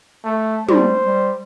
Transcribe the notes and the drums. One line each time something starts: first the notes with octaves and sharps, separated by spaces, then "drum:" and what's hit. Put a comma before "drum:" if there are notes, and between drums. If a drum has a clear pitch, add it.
A3
G3 C5, drum: tom
G3